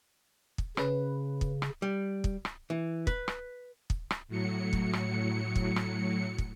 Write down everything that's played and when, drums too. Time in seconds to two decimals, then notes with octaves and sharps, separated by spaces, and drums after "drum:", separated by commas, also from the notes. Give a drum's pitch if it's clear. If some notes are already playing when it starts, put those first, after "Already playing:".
0.58 drum: kick
0.77 C#3 C#4 B4, drum: rim click
1.41 drum: kick
1.62 drum: rim click
1.82 G3
2.24 drum: kick
2.45 drum: rim click
2.70 E3
3.07 B4, drum: kick
3.28 drum: rim click
3.90 drum: kick
4.11 drum: rim click
4.28 A2 F#3 C#7
4.73 drum: kick
4.93 drum: rim click
5.56 drum: kick
5.76 drum: rim click
6.38 drum: kick